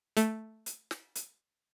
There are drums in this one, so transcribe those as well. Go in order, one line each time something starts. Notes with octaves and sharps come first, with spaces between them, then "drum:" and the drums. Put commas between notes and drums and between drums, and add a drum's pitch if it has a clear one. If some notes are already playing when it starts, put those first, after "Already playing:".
A3, drum: hi-hat
drum: hi-hat
drum: snare
drum: hi-hat